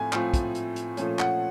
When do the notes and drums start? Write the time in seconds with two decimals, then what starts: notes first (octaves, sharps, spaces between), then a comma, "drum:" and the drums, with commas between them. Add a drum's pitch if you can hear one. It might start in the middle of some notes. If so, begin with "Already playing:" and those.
Already playing: A2 F3 A3 C4 F4 G#5
0.13 A2 F3 A3 C4 F4, drum: clap
0.34 drum: kick, hi-hat
0.55 drum: hi-hat
0.76 drum: hi-hat
0.97 A#2 F3 A3 C#4, drum: hi-hat
1.19 F#5, drum: clap